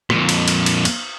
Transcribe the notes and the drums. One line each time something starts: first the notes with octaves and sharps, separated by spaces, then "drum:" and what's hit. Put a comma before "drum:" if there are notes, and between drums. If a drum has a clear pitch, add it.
F2 A#2, drum: rim click
drum: cymbal
drum: cymbal
drum: cymbal
drum: cymbal